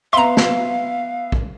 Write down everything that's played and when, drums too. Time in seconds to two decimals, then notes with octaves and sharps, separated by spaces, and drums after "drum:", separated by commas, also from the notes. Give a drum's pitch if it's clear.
0.13 B3 E5 F5 A#5 C6
0.37 drum: snare
1.32 drum: kick